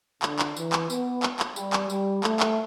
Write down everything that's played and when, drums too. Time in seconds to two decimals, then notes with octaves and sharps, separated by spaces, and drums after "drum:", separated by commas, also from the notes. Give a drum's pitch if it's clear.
0.22 D3, drum: clap
0.39 drum: clap
0.56 E3, drum: tambourine
0.73 drum: clap
0.90 B3, drum: tambourine
1.23 drum: clap
1.39 drum: clap
1.56 G3, drum: tambourine
1.73 drum: clap
1.90 G3, drum: tambourine
2.24 A3, drum: clap
2.40 drum: clap